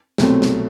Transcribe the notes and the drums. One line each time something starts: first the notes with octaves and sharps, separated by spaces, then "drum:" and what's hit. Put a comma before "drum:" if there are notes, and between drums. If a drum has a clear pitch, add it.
C2 B2 F#3 A3 C4, drum: snare
drum: snare